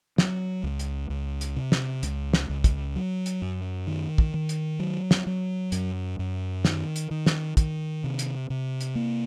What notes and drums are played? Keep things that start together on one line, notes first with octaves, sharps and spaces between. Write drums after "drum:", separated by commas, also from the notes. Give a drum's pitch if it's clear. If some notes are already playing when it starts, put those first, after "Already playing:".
F#3, drum: snare
C#2
drum: hi-hat
C#2
drum: hi-hat
C3
drum: snare
C#2, drum: hi-hat
drum: snare
C#2
drum: kick, hi-hat
F#3
drum: hi-hat
F#2
D#3
drum: kick
D#3
drum: hi-hat
F#3
drum: snare
F#3
F#2, drum: hi-hat
F#2
D#3, drum: snare
drum: hi-hat
D#3
drum: snare
D#3, drum: kick, hi-hat
C3
drum: hi-hat
C3
drum: hi-hat
A#3